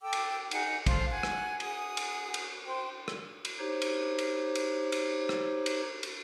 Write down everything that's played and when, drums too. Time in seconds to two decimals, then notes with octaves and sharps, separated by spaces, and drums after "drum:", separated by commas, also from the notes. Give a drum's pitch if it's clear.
0.01 A4 G5 D6 E6
0.13 drum: cymbal
0.51 D#4 G#4 F#5, drum: cymbal
0.86 A4 C5 F5, drum: kick, cymbal
1.10 F#5 G#5 F#6
1.23 drum: rim click
1.60 G#4 F#5 D#6, drum: cymbal
1.97 drum: cymbal
2.34 drum: cymbal
2.67 C5 G5
3.08 drum: rim click
3.45 drum: cymbal
3.59 D#4 G4 C5 C#5
3.82 drum: cymbal
4.18 drum: cymbal
4.55 drum: cymbal
4.92 drum: cymbal
5.29 drum: rim click
5.66 drum: cymbal
6.03 drum: cymbal